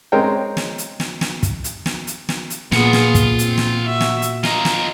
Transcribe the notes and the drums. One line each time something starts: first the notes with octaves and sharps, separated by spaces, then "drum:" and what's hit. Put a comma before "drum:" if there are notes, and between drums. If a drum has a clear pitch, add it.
G#3 C4 C#4 A#4 G5
drum: snare
drum: hi-hat
drum: snare
drum: snare
drum: kick, hi-hat
drum: hi-hat
drum: snare
drum: hi-hat
drum: snare
drum: hi-hat
A#2 B3 F4 G#4 F#5, drum: snare
drum: snare
drum: kick, hi-hat
C4, drum: hi-hat
drum: snare
F#4 E5
drum: snare
drum: hi-hat
F4 D#5 A#5, drum: snare
drum: snare